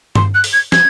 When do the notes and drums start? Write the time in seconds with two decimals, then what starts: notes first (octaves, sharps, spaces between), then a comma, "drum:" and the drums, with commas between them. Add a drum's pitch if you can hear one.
0.16 C6, drum: tom G2
0.35 F#6
0.44 drum: open hi-hat
0.53 G#6
0.72 G#6, drum: snare